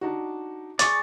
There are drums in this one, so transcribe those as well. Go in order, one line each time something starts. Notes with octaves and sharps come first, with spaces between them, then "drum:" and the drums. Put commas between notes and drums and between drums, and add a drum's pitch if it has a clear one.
D4 D#4 F#4
G#4 D5 C#6 A6, drum: hi-hat